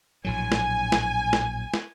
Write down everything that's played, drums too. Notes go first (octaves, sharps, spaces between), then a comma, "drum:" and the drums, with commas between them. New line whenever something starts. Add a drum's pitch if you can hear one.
A#1 A2 F#3 G#5
drum: snare
drum: snare
drum: snare
drum: snare